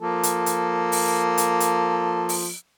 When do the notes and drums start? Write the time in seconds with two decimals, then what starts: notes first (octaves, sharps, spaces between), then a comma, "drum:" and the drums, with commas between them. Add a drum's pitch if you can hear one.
0.01 F3 A#3 A4
0.23 drum: hi-hat
0.46 drum: hi-hat
0.92 drum: open hi-hat
1.38 drum: hi-hat
1.60 drum: hi-hat
2.29 drum: open hi-hat